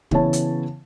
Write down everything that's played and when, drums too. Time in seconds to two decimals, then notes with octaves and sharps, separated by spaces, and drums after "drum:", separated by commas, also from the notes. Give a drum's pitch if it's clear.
0.11 C#3 E3 B3 E4 C#5 A5, drum: kick
0.33 drum: hi-hat